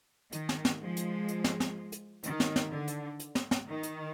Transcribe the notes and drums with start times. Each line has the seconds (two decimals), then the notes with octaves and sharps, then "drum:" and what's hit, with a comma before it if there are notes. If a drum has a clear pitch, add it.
0.32 D#3, drum: hi-hat
0.49 drum: snare
0.65 drum: snare
0.80 F3 G#3
0.97 drum: hi-hat
1.28 drum: hi-hat
1.44 drum: snare
1.60 drum: snare
1.92 drum: hi-hat
2.23 D#3, drum: hi-hat
2.40 drum: snare
2.56 drum: snare
2.71 D3
2.88 drum: hi-hat
3.19 drum: hi-hat
3.35 drum: snare
3.51 drum: snare
3.68 D#3
3.83 drum: hi-hat